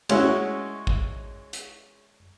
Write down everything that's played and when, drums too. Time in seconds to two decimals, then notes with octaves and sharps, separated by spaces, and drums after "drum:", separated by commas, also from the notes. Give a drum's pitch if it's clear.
0.09 G#3 C#4 E4 F#4, drum: cymbal
0.87 drum: kick
1.53 drum: hi-hat